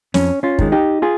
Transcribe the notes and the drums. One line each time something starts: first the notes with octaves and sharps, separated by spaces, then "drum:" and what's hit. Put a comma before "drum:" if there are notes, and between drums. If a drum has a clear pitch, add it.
F2 C#4, drum: snare
C#4 F4
D#3 G#3, drum: kick
D#4 G4
F4 G#4